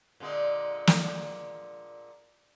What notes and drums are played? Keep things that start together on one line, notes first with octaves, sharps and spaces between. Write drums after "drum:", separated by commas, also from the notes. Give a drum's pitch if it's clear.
A#2 D3 G#3
drum: snare